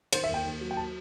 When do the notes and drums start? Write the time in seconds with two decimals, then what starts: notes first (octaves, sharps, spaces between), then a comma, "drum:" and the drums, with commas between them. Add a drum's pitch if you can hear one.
0.13 D#3 C5, drum: cymbal
0.24 E5
0.29 D#2
0.34 G5
0.45 D#2
0.61 F#3
0.71 G5
0.77 A5